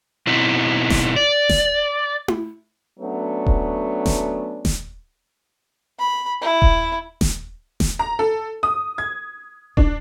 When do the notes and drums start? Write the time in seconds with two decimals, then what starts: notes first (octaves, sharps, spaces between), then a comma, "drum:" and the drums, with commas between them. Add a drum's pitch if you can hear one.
0.27 B2 C4 D#4 E4
0.90 drum: snare D#1
1.16 D5
1.49 drum: snare D#1
2.28 drum: tom E4
3.00 F#3 A3 B3 C#4 D4
3.46 drum: kick D#1
4.06 drum: snare D#1
4.65 drum: snare D#1
5.99 B5
6.42 E4
6.62 drum: kick D#1
7.21 drum: snare D#1
7.80 drum: snare D#1
7.99 A#5
8.19 A4
8.63 D#6
8.98 G#6
9.77 D4, drum: kick D#1